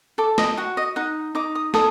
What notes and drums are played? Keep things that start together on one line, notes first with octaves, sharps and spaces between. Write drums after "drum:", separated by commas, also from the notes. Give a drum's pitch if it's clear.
A4 D6
D#5, drum: snare
F#4 F#5
D#5
D#4 F#5
D#4 D6
D#6
A4 D#6, drum: snare